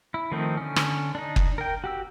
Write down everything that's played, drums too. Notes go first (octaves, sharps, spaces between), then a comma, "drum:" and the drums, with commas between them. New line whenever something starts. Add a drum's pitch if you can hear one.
E4
D#3 F3 A3 C4 D#4
D3 C#4
drum: rim click
D4 D#4
drum: kick F#1
A#4 G5
F#4 G4 E6